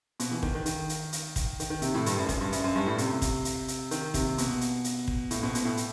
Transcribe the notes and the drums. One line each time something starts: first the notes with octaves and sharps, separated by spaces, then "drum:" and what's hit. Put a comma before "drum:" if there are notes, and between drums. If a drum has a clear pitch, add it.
B2, drum: hi-hat
E3
D#3, drum: kick
D#3
D#3, drum: hi-hat
drum: hi-hat
drum: hi-hat
drum: kick, hi-hat
D#3, drum: hi-hat
D#3
C3, drum: hi-hat
A2
G2, drum: hi-hat
F#2
F#2, drum: kick, hi-hat
G2
F#2, drum: hi-hat
F#2
G2
A2
C3, drum: hi-hat
drum: kick, hi-hat
drum: hi-hat
drum: hi-hat
D#3, drum: hi-hat
C3, drum: kick, hi-hat
B2, drum: hi-hat
drum: hi-hat
drum: hi-hat
drum: kick
A2, drum: hi-hat
B2
B2, drum: hi-hat
A2
drum: hi-hat